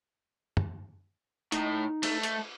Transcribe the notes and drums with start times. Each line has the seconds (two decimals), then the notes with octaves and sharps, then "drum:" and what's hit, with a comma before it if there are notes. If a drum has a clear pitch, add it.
0.57 drum: tom
1.52 A2 D#4, drum: hi-hat
2.03 A3, drum: cymbal
2.23 drum: hi-hat